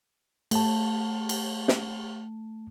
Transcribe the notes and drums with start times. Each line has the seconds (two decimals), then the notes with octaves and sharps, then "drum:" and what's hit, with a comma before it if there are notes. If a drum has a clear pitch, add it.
0.51 A3 A5, drum: cymbal
1.29 drum: cymbal
1.68 drum: snare